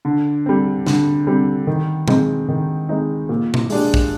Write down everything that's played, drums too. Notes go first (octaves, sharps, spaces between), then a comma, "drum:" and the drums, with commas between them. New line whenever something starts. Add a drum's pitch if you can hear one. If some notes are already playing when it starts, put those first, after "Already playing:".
D3
G3 C4
D3, drum: snare
G3 C4
D#3
G#3 C4 D#4, drum: tom A#2
D#3
G#3 C4 D#4
A#2
drum: tom A#2
G#3 D4 G4, drum: open hi-hat
drum: kick